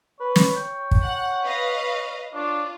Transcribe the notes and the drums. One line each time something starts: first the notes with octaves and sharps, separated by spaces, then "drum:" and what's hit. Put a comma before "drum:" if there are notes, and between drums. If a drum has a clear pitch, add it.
B4 C#5
drum: snare
G5
drum: kick
F#5
B4 D#5 F5
D4 F4 C#5